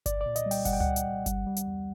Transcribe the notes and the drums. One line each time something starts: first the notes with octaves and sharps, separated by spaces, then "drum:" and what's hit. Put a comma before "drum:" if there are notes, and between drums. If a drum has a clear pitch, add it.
C2 D5, drum: kick G1, hi-hat
D5
A#2
D#5, drum: hi-hat
G3
G5, drum: open hi-hat
G3 F#5, drum: kick G1, hi-hat
G5
F#5, drum: tom C#2
C2
drum: hi-hat
C2
G3, drum: kick G1, hi-hat
G3
drum: hi-hat
E2